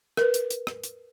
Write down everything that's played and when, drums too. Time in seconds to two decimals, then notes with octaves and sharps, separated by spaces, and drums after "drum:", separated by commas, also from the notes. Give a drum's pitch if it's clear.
0.17 A#4 B4, drum: rim click
0.34 drum: hi-hat
0.50 drum: hi-hat
0.67 drum: rim click
0.84 drum: hi-hat